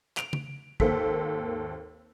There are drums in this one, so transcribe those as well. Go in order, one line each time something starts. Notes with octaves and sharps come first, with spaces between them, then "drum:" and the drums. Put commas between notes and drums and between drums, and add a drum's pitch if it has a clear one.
D7 F7, drum: clap
drum: tom C#3
G#1 D#2 A#3 A4 C5 B6, drum: kick